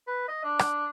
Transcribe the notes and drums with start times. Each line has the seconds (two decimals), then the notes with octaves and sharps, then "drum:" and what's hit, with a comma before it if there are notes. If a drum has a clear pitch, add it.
0.07 B4
0.28 D#5
0.44 D4
0.59 drum: rim click